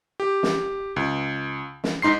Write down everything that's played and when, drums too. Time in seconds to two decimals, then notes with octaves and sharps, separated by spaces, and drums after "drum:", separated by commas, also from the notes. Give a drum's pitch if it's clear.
0.20 G4
0.43 drum: snare
0.96 C#2
1.84 drum: snare
2.02 G#2 D#4 C6 C7